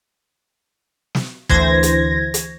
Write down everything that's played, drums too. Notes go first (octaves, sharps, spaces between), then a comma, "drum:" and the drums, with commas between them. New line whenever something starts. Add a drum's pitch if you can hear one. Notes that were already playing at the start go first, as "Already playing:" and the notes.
drum: snare
D2 E3 C5 G#6 A#6, drum: kick
drum: hi-hat
drum: hi-hat